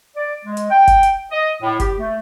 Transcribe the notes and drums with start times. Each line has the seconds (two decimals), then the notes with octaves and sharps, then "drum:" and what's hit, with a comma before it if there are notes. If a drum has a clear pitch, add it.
0.16 D5
0.45 G#3
0.57 drum: hi-hat
0.70 G5
0.88 drum: kick F#1, hi-hat
1.03 drum: hi-hat
1.31 D#5
1.62 A2
1.80 G4, drum: kick F#1, hi-hat
1.99 A3